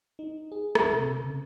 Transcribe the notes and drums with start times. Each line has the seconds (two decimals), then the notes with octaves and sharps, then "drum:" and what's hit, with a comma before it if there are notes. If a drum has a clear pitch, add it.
0.19 D#4
0.52 G#4
0.75 E5, drum: rim click
0.93 C3
1.20 C#3